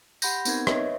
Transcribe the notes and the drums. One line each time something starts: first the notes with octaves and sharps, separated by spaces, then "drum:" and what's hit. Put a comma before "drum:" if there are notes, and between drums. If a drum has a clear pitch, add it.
G4 F#5 B5 C6 G6 A#6, drum: tambourine
B3 C4 D#4 A#4 G#6, drum: tambourine
B4 C#5 D#5 E5, drum: rim click